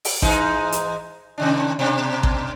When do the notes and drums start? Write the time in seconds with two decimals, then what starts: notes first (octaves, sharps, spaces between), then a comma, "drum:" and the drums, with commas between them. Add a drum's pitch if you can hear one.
0.05 drum: open hi-hat
0.22 G#2 E3 D#4, drum: kick A1
0.72 drum: hi-hat
1.38 C3 D#3 D4
1.79 B2 D4
2.23 drum: kick A1